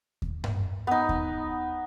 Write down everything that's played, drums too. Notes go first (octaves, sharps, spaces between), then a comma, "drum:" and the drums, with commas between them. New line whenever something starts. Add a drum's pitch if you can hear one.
drum: kick D#2
drum: tom G2
B3 D#4
drum: kick D#2